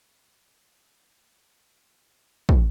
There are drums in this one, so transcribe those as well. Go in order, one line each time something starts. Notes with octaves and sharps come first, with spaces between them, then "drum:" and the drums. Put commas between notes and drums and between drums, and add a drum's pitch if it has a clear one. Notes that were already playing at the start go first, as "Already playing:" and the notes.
A#2
D4 A4 B4
drum: kick